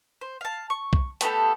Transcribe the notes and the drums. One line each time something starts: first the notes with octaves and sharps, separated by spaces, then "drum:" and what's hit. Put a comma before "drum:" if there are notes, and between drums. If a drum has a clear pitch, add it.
C5
F5 A5
C#6
drum: kick B1
A3 B3 G4 A4, drum: hi-hat